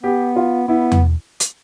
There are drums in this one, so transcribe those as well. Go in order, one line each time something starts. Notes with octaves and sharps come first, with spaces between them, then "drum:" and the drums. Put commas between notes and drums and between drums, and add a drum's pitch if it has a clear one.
B3 G4
F4
B3 E4
drum: tom E2
drum: hi-hat